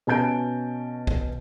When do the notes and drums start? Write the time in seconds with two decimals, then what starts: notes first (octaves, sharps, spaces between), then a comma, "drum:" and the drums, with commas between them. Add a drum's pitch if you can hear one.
0.07 B2 C#4 A5 G6 D7
1.07 drum: kick B1